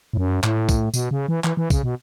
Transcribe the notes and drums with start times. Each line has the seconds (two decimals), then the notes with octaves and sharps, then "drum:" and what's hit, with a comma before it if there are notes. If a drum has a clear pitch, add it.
0.13 A2
0.17 F#2
0.44 A2, drum: clap
0.69 drum: kick, tambourine
0.94 B2, drum: tambourine
1.11 C#3
1.28 E3
1.44 E3, drum: clap
1.57 E3
1.70 C#3, drum: kick, tambourine
1.83 B2